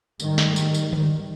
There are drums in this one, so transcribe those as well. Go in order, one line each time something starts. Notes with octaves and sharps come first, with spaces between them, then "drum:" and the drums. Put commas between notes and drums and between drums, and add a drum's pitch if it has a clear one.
G#2 D#3 G3, drum: tambourine
drum: snare
drum: tambourine
drum: tambourine
drum: tom D3